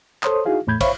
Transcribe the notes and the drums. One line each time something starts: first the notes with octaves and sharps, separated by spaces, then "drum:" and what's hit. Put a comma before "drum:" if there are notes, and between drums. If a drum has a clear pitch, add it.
A4 C5 C#5 C6 D#6, drum: clap
D#4 E4 F#4 G#4 F5
E2 A2 A3 B5 G6 G#6
C5 C#5 E5 F5 B5 C#6, drum: kick, cymbal